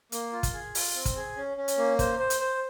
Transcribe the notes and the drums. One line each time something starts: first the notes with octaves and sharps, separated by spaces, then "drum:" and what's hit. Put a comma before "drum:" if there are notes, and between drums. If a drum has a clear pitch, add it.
A#3, drum: hi-hat
F4
drum: kick, hi-hat
G#4
F4, drum: open hi-hat
C4
drum: kick, hi-hat
G#4
C#4
C#4
drum: hi-hat
A#3
C5, drum: kick, hi-hat
C5
drum: hi-hat
C5